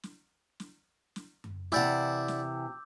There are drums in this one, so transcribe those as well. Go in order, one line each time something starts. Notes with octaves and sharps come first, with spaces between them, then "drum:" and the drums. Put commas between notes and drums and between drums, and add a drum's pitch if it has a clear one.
drum: snare
drum: snare
drum: snare
drum: tom F#2
C3 E3 E4 D5 F#5 D6 E6 G6, drum: snare
drum: snare